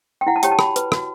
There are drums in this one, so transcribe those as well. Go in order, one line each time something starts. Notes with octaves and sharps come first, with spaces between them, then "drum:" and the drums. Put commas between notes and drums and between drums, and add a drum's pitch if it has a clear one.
G5
E4 F#5
A5
G4 C#5 G5, drum: hi-hat
A5
F#4 B5, drum: rim click
B4, drum: hi-hat
F#4, drum: rim click